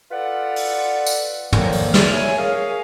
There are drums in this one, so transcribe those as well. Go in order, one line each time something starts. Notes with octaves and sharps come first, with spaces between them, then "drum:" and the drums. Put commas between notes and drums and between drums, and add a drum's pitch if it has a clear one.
F4 A4 B4 D5 F#5
drum: open hi-hat
drum: tambourine
D3 D#3 F3 F#3 A#3, drum: tom
drum: open hi-hat
E3 D5 F6, drum: snare
E4 C#5 G#5
C#4 G#4 A#4 F5